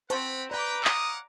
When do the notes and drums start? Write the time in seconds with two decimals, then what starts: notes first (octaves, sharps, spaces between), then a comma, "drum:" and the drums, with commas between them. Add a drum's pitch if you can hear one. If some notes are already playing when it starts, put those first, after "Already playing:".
0.10 C4 B4 C5 F#5 A5 B5 C#6, drum: hi-hat
0.51 B4 D5 F#5 G5 A#5 B5 D6
0.84 C#5 F5 F#5 D#6, drum: clap